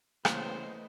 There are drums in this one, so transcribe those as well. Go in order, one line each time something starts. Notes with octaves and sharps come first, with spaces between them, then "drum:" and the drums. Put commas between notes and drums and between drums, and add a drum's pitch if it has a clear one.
E2 A2 C#3 A3 A#3 B4 C5 D#5, drum: rim click